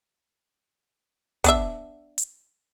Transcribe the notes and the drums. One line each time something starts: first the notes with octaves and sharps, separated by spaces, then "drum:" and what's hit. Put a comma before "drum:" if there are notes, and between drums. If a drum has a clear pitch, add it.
B3 D4 E5, drum: kick, hi-hat
drum: hi-hat